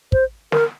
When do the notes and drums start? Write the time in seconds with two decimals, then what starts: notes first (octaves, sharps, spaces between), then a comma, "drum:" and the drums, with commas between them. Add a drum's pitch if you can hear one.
0.12 C5, drum: kick
0.52 A#4, drum: snare